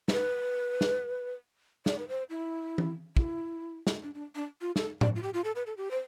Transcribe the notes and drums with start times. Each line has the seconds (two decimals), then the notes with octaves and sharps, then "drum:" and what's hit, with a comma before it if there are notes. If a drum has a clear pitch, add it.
0.08 C5, drum: snare
0.13 B4
0.81 drum: snare
1.86 D5, drum: snare
1.99 B4
2.08 C5
2.30 E4
2.78 drum: tom E3
3.17 E4, drum: kick
3.87 drum: snare
4.03 D4
4.15 D4
4.35 D4
4.61 F4
4.76 A4, drum: snare
5.01 D5, drum: tom A2
5.16 F4
5.23 G4
5.34 F4
5.44 A4
5.56 B4
5.66 A4
5.77 G4
5.91 C5